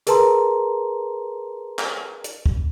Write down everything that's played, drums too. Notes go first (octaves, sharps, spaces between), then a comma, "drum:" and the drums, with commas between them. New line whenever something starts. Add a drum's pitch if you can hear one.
G#4 A#4 B4 A5 A#5 C6, drum: hi-hat
drum: clap
drum: hi-hat
drum: kick